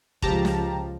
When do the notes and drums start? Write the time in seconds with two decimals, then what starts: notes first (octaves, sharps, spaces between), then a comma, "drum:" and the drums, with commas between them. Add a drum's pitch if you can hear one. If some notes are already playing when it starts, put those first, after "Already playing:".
0.22 C#2 F3 G4 A5 A#5, drum: kick
0.45 drum: snare